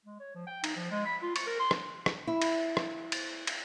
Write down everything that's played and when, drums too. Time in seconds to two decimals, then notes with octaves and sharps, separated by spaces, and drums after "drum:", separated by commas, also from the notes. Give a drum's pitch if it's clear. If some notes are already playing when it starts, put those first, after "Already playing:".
0.05 G#3
0.20 C#5
0.35 F3
0.47 G5
0.64 D#4, drum: cymbal
0.76 F3
0.91 G#3
1.06 B5
1.22 F4
1.36 C#6, drum: cymbal
1.47 A#4
1.59 C6
1.71 drum: rim click
2.06 drum: rim click
2.27 E4
2.42 drum: cymbal
2.77 drum: rim click
3.12 drum: cymbal
3.47 drum: cymbal